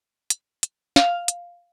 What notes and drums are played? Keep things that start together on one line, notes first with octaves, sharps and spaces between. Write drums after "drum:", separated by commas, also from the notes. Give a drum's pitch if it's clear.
drum: hi-hat
drum: hi-hat
F5, drum: snare
drum: hi-hat